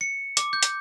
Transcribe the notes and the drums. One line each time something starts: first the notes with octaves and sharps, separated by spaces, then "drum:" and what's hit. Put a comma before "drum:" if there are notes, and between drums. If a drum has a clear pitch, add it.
C#7
D6, drum: hi-hat
G6
drum: hi-hat